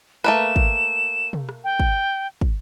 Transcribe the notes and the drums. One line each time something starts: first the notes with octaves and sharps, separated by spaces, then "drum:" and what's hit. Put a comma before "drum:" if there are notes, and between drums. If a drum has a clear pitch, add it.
A3 A#3 B4 E7
drum: kick
drum: tom
drum: rim click
G5
drum: kick
drum: kick